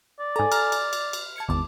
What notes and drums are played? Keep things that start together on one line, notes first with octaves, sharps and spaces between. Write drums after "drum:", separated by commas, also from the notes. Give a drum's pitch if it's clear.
D5
G#2 A4 G#5 A#5
A#5 F6 A6, drum: cymbal
drum: cymbal
drum: cymbal
drum: cymbal
A5 G#6 C#7
G#1 E2 A5 D6